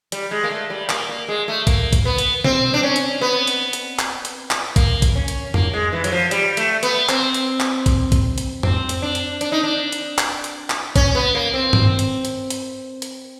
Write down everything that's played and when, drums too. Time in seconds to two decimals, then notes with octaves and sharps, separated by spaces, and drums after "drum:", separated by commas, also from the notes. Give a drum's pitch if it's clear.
0.12 G3, drum: hi-hat
0.31 G#3
0.44 A#3
0.50 A3
0.70 G3
0.89 A#3, drum: clap
1.09 A#3
1.28 G#3
1.48 A3
1.67 A#3, drum: kick A#1, hi-hat
1.93 drum: kick A#1, hi-hat
2.05 B3
2.18 drum: hi-hat
2.44 C4, drum: tom B2
2.74 D4
2.83 C#4
2.96 drum: hi-hat
3.21 B3
3.47 drum: hi-hat
3.73 drum: hi-hat
3.99 drum: clap
4.25 drum: hi-hat
4.51 drum: clap
4.76 A#3, drum: kick A#1, hi-hat
5.02 drum: kick A#1, hi-hat
5.15 C#4
5.28 drum: hi-hat
5.54 A#3, drum: tom F2
5.73 G#3
5.92 E3
6.04 F#3, drum: hi-hat
6.12 F3
6.31 G3, drum: hi-hat
6.57 A3, drum: hi-hat
6.83 B3, drum: hi-hat
7.09 C4, drum: clap
7.34 drum: hi-hat
7.60 drum: clap
7.86 drum: kick A#1, hi-hat
8.12 drum: kick A#1, hi-hat
8.38 drum: hi-hat
8.63 C4, drum: tom F2
8.89 drum: hi-hat
9.02 D4
9.15 drum: hi-hat
9.41 D4, drum: hi-hat
9.52 D#4
9.63 D4
9.92 drum: hi-hat
10.18 drum: clap
10.44 drum: hi-hat
10.70 drum: clap
10.96 C#4, drum: kick A#1, hi-hat
11.15 B3
11.35 A#3
11.54 C4
11.73 drum: tom G2
11.99 drum: hi-hat
12.25 drum: hi-hat
12.50 drum: hi-hat
13.02 drum: hi-hat